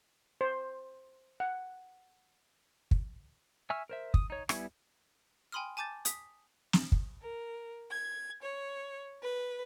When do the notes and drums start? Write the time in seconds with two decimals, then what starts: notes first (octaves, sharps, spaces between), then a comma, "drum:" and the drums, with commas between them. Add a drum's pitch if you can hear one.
0.41 C5
1.40 F#5
2.91 drum: kick
3.70 E5 G#5 C#6 E6 F6
3.89 A#4 C5 E5
4.14 D#6, drum: kick
4.30 D#4 C#5
4.49 G3 B3 E4 G#5, drum: rim click
5.52 G5 G#5 B5 C6 D#6 F6
5.77 G#5 A5 D6 G6 A6
6.05 D#6 B6, drum: hi-hat
6.73 drum: snare
6.92 drum: kick
7.21 A#4
7.89 G#6
8.41 C#5
9.23 B4